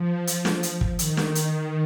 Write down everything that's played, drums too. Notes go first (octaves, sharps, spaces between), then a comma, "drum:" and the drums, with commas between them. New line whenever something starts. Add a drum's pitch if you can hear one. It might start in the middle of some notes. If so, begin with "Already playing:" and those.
Already playing: F3
F3, drum: hi-hat
drum: snare
drum: hi-hat
drum: kick
D#3, drum: hi-hat
drum: snare
drum: hi-hat